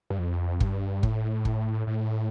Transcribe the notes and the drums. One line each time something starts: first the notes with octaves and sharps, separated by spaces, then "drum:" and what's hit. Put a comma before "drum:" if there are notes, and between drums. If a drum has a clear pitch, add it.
G2
F2
G2, drum: kick
A2, drum: kick
drum: kick
A2